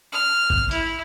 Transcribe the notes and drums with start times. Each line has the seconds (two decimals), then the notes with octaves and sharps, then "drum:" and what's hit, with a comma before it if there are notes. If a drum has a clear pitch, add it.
0.12 F6
0.50 drum: kick G#1
0.71 E4, drum: hi-hat